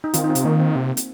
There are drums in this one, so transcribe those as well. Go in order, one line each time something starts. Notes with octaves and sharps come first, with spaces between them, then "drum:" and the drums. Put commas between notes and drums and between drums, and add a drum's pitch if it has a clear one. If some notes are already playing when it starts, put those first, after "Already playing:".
D#4
D#3 C4 F4, drum: hi-hat
D#4
C4 F4
C3, drum: hi-hat
D#3 A#3 D#4
C4
C3
drum: hi-hat